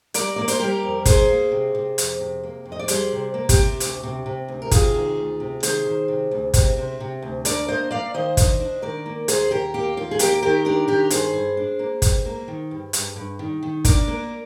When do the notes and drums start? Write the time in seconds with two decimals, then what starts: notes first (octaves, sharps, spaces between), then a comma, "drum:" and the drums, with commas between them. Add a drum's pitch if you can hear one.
0.14 G3 A#4 D5, drum: hi-hat
0.36 A#3 D5
0.48 C5, drum: hi-hat
0.60 G3 G4 A#4
0.83 F2
1.05 A#3 G#4 C5, drum: kick G#1, hi-hat
1.29 A#3
1.52 C3
1.75 C3
1.98 F2, drum: hi-hat
2.20 C3
2.43 A#3
2.65 F2
2.72 D#5
2.79 D5
2.88 G3 G#4 C5, drum: hi-hat
3.12 C3
3.34 A#3
3.49 G4, drum: kick G#1, hi-hat
3.57 C3
3.80 D2, drum: hi-hat
4.03 C3
4.26 C3
4.48 D2
4.62 A#4
4.71 C3 F4 G#4, drum: kick G#1, hi-hat
4.95 D#3
5.17 D2
5.40 C3
5.63 D#3 G#4 C5, drum: hi-hat
5.86 D#3
6.08 C3
6.31 D2
6.54 C3, drum: kick G#1, hi-hat
6.77 C3
7.00 C3
7.22 D2
7.45 D4 A#4 D5, drum: hi-hat
7.68 A#3 C5 D#5
7.91 A#3 D5 F5
8.14 D#3 C5 D#5
8.37 D4 C5 D#5, drum: kick G#1, hi-hat
8.59 D4
8.82 D#3 A#4 D5
9.06 A#3
9.28 D#2 G#4 C5, drum: hi-hat
9.51 D#2 G4 A#4
9.74 A#3 G4
9.97 D#2 F4
10.11 G#4
10.19 A#3 G4 A#4, drum: hi-hat
10.42 D#3 G4 A#4
10.65 D4 G4 A#4
10.88 D#3 G4 A#4
11.10 G2 G#4 C5, drum: hi-hat
11.34 G2
11.57 D4
11.79 A#3
12.02 G2, drum: kick G#1, hi-hat
12.26 A#3
12.48 D#3
12.71 G2
12.93 G2, drum: hi-hat
13.16 G2
13.39 D#3
13.63 D#3
13.85 D4 A#4 D5, drum: kick G#1, hi-hat
14.08 A#3